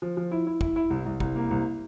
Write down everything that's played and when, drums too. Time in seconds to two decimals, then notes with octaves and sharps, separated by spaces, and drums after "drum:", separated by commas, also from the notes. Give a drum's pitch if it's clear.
0.02 F3
0.17 F3
0.31 E4
0.47 E4
0.61 E4, drum: kick
0.76 E4
0.90 C2
1.06 C2
1.20 C2, drum: kick
1.36 A#3
1.51 C2